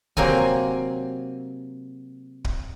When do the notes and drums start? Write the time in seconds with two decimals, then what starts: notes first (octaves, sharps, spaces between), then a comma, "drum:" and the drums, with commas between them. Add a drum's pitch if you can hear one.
0.17 C3 F#3 A#3 C4 G#5, drum: kick
2.45 drum: kick